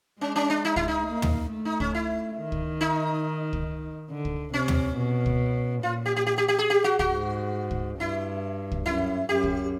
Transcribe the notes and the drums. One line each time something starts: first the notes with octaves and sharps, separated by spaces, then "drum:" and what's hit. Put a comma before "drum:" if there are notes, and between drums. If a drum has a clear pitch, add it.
G#3 C#4
C#4
D4
D#4
E4, drum: kick
D#4
A#3
drum: tom
A3
D#4
C#4, drum: kick
E4
D#3
drum: kick
D#4
drum: kick
D3
drum: kick
C3 C#4
drum: tom
B2
drum: kick
A#2 F4
G4
G4
G4
G4
G4
G#4
G4
F#4
F#4, drum: kick
G#2
drum: kick
G2 E4
drum: kick
F#2 E4
F#2 G4
drum: kick